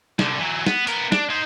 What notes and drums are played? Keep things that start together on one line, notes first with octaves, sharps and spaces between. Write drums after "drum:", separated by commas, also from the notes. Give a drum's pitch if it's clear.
C2 D3, drum: snare
E3 F#3
B3, drum: snare
B3 A#4, drum: hi-hat
D4, drum: snare
D#4 C5